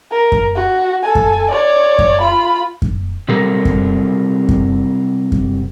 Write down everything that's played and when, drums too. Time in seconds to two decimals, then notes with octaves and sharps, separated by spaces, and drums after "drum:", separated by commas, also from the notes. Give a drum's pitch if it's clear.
0.11 A#4
0.32 drum: kick F#2
0.55 F#4
1.03 A4 G#5
1.15 drum: kick F#2
1.51 C#5 D5
1.99 drum: kick F#2
2.21 F4 B5
2.82 drum: kick F#2
3.28 C3 F#3 G3 C4 A4 A#4
3.65 drum: kick F#2
4.49 drum: kick F#2
5.32 drum: kick F#2